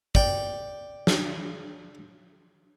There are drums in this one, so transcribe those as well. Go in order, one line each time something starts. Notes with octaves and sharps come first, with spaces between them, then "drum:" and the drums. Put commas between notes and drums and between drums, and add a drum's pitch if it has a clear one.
D5 G5, drum: kick
drum: snare